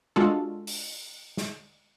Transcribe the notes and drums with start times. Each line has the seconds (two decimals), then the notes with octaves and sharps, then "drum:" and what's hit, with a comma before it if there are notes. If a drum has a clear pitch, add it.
0.16 G#3 D4 F4 F#4 A4
0.67 drum: open hi-hat
1.37 drum: snare